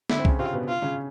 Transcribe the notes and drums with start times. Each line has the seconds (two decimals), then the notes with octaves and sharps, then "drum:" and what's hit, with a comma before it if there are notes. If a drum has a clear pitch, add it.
0.10 D3 D4 E4, drum: snare
0.19 C4
0.25 C#3 C#4, drum: kick C2
0.39 C3 C4 F4
0.53 B2 B3
0.69 F4
0.82 C#3 C#4